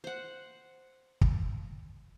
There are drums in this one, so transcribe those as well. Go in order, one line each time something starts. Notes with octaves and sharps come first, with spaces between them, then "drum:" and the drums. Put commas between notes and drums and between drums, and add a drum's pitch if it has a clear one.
C5 F#5
drum: kick